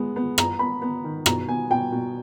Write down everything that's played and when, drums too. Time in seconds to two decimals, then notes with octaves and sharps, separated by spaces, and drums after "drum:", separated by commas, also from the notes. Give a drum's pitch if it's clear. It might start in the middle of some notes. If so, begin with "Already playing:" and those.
Already playing: G#3 B3
0.16 B3
0.38 B3 A#5, drum: rim click
0.59 B3 B5
0.82 B3
1.04 D#3
1.26 B2 A#5, drum: rim click
1.48 B3 G#5
1.71 B2 G5
1.92 B2